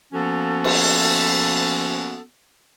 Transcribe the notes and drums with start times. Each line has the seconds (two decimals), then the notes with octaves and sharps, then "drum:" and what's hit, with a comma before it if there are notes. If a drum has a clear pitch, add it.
0.13 F3 A#3 B3 C#4 F#4 A4
0.64 drum: cymbal